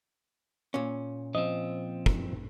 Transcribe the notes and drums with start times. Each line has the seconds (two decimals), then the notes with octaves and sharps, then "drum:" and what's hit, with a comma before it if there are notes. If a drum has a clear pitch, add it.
0.74 A#2 C#4
1.35 F3 C4 D#5
2.06 drum: kick